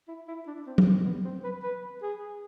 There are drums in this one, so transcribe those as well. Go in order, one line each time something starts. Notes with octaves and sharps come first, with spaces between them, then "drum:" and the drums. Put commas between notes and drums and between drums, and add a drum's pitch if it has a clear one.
E4
E4
D4
C4
C4, drum: tom
B3
B3
C4
B4
B4
G#4